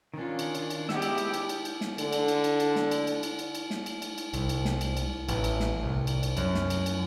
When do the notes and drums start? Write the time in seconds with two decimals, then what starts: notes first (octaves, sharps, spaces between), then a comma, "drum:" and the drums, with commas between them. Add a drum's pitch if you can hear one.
0.14 D#3 C#4 D4 F4
0.39 drum: cymbal
0.55 drum: cymbal
0.70 drum: cymbal
0.89 G#3 B3 G4 E5, drum: snare
1.02 drum: cymbal
1.18 drum: cymbal
1.34 drum: cymbal
1.49 drum: cymbal
1.65 drum: cymbal
1.81 drum: snare
1.98 D3, drum: cymbal
2.13 drum: cymbal
2.28 drum: cymbal
2.44 drum: cymbal
2.60 drum: cymbal
2.76 drum: snare
2.91 drum: cymbal
3.07 drum: cymbal
3.23 drum: cymbal
3.39 drum: cymbal
3.55 drum: cymbal
3.70 drum: snare
3.86 drum: cymbal
4.02 drum: cymbal
4.18 drum: cymbal
4.34 C2, drum: cymbal
4.49 drum: cymbal
4.65 drum: snare
4.81 drum: cymbal
4.97 drum: cymbal
5.29 A1, drum: cymbal
5.44 drum: cymbal
5.60 drum: snare
5.83 C2
6.07 drum: cymbal
6.23 drum: cymbal
6.37 F#2, drum: cymbal
6.55 drum: snare
6.70 drum: cymbal
6.86 drum: cymbal